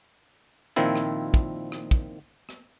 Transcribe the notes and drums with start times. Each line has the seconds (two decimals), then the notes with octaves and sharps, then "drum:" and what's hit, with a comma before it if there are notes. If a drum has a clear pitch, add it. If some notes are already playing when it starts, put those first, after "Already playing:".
0.76 A#2 D#3 F3 C4 E4
0.95 drum: rim click
1.34 drum: kick
1.72 drum: rim click
1.91 drum: kick
2.49 drum: rim click